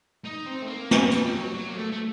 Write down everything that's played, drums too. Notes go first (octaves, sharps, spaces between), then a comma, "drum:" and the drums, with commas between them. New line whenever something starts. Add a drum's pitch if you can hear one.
D#4
C4
A3
A#3
drum: snare
G3, drum: hi-hat
F#3
F#3
A#3
A3
A3